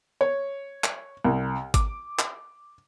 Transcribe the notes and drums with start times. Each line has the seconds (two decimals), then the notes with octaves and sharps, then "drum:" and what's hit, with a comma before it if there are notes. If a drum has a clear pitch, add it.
0.21 C#5
0.84 drum: clap
1.24 C2
1.74 D6, drum: kick G#1, hi-hat
2.19 drum: clap